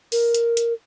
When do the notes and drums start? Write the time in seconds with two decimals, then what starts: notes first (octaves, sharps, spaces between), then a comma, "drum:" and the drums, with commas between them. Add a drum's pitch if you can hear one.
0.12 A#4, drum: open hi-hat
0.35 drum: hi-hat
0.57 drum: hi-hat